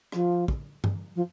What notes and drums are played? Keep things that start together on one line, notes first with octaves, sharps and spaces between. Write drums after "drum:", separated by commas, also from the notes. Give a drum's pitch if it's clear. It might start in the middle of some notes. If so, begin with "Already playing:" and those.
F3, drum: rim click
drum: kick
drum: tom G2
F3